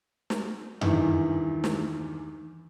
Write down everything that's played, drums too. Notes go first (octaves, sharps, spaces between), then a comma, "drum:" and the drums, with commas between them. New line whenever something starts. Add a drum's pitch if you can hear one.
drum: snare
E2 G2 D#3 E3, drum: tom F#2
drum: snare